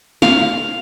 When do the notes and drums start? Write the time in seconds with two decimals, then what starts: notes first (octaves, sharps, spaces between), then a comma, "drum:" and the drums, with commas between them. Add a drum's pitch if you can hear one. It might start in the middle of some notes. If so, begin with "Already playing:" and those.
0.22 F5 F7, drum: snare